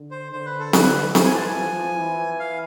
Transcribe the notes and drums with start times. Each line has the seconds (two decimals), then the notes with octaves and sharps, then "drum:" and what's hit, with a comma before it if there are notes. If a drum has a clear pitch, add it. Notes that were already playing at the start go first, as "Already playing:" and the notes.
Already playing: D3
0.11 C5
0.32 D3 C5
0.46 B4
0.60 A4
0.73 D3 B4, drum: snare C4
1.15 E3 C5, drum: snare C4
1.25 G#5
1.35 A5
1.46 G#5
1.56 F3
1.98 E3
2.39 F5